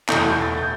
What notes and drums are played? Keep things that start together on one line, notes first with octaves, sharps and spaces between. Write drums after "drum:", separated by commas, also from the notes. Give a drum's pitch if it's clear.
E2 B2 A3 G6, drum: clap
G6
A6
G6